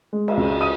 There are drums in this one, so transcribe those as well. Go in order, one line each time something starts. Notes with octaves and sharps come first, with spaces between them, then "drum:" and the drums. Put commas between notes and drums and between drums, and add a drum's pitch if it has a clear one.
G#3
drum: cymbal
C#2
D#6 D#7